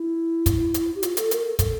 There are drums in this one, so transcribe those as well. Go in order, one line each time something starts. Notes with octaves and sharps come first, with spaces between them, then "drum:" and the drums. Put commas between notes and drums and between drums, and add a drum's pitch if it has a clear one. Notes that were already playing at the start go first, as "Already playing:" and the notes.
Already playing: E4
drum: kick, hi-hat
drum: hi-hat
G4
F4, drum: hi-hat
A4, drum: hi-hat
A#4, drum: hi-hat
A4
A4, drum: kick, hi-hat